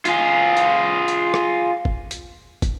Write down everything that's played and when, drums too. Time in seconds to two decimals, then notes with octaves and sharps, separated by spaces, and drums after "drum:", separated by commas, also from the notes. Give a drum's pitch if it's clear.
0.05 F4 G#4, drum: hi-hat
0.57 drum: hi-hat
1.08 drum: hi-hat
1.34 drum: rim click
1.85 drum: kick
2.11 drum: hi-hat
2.62 drum: kick, hi-hat